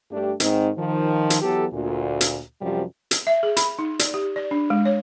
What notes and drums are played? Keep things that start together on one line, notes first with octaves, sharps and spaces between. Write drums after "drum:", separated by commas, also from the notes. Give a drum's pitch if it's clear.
G2 A3 D4 G4
G#2 D#3 C4, drum: hi-hat
D#3 F3
drum: hi-hat
E3 F#3 B3 G4 A4
D2 A#2
drum: hi-hat
F#2 C3 F3 G3 F#4
drum: hi-hat
E5
G#4
B5, drum: hi-hat
D#4
D5, drum: hi-hat
G4
D5
D4
G#3
C#5